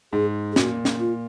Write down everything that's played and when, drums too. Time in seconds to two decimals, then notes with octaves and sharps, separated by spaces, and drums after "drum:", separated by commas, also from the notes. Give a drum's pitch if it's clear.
0.13 G#2 G#4
0.52 G#4
0.56 A#2 F#4, drum: snare
0.85 drum: snare
1.00 F4